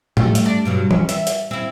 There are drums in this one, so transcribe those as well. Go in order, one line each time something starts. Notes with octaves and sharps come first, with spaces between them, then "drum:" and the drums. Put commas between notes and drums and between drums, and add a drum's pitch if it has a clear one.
G3 A3, drum: tom
drum: hi-hat
D4
G2 B2 F#3
C#4, drum: tom
E5, drum: hi-hat
drum: hi-hat
C4 E4